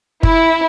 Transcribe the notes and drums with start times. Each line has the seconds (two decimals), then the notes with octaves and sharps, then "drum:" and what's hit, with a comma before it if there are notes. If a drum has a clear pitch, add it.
0.23 E4, drum: kick